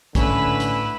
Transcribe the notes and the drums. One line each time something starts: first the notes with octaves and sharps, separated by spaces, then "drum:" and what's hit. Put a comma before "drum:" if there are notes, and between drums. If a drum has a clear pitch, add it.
A2 D3 C#4 E4 B4, drum: kick, hi-hat
drum: hi-hat